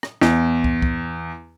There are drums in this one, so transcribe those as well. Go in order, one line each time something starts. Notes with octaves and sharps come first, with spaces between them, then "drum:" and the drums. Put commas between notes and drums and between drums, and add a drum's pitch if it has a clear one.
drum: rim click
E2, drum: snare
drum: kick
drum: kick